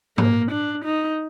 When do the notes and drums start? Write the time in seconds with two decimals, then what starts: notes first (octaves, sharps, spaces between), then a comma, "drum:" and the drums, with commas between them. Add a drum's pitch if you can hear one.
0.18 A#3, drum: tom G#2
0.51 D4
0.84 D#4